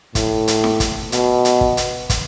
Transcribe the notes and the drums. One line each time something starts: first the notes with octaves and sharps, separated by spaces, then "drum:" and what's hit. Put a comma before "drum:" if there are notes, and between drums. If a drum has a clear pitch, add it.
A2, drum: kick, hi-hat
drum: hi-hat
drum: snare
drum: kick, hi-hat
B2, drum: hi-hat
drum: hi-hat
drum: kick
drum: hi-hat
drum: kick, hi-hat